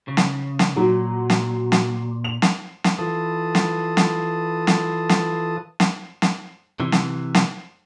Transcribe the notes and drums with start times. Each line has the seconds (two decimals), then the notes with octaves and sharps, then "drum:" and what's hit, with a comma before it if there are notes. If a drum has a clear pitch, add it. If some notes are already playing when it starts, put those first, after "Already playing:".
0.08 C#3
0.17 drum: snare
0.59 drum: snare
0.76 A#2 F#3
1.30 drum: snare
1.72 drum: snare
2.24 F7
2.42 drum: snare
2.84 drum: snare
2.98 E3 F4 A4 B4 A5 D#6
3.55 drum: snare
3.97 drum: snare
4.67 drum: snare
5.09 drum: snare
5.80 drum: snare
6.22 drum: snare
6.80 C3 E3
6.92 drum: snare
7.35 drum: snare